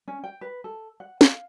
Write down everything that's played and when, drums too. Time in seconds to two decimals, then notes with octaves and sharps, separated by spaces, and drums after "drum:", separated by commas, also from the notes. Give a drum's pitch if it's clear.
0.08 C#4
0.24 G5
0.41 B4
0.64 A4
1.00 F#5
1.21 F5, drum: snare